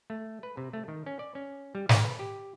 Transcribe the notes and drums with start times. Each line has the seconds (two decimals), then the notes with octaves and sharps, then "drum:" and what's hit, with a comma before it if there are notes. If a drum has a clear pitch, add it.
0.10 A3
0.43 B4
0.57 C3
0.73 A3
0.88 D#3
1.06 C#4
1.19 D5
1.35 C#4
1.75 G3
1.89 D#3, drum: snare
2.04 B4
2.19 G4